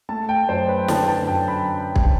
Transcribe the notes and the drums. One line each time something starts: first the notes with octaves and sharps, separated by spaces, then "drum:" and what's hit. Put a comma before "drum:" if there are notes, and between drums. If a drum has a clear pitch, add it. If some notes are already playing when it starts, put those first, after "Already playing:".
A3 A5
G5
F#2 C5
B4
D3 A5, drum: snare
A5
F#2 G5
B5
drum: kick